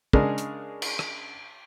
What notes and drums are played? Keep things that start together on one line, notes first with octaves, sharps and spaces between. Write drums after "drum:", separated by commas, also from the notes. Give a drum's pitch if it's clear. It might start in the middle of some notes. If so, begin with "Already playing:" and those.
C#3 G#3 D4 G#4 A#4, drum: kick
drum: hi-hat
drum: cymbal
drum: rim click